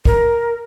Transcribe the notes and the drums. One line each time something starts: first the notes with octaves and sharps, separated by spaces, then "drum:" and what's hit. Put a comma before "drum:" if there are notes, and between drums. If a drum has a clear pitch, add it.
A#4, drum: kick